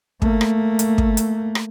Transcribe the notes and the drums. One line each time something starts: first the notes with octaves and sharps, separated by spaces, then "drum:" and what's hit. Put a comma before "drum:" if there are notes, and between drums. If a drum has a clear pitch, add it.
A3 A#3, drum: kick
drum: rim click
drum: hi-hat
drum: kick
drum: hi-hat
drum: rim click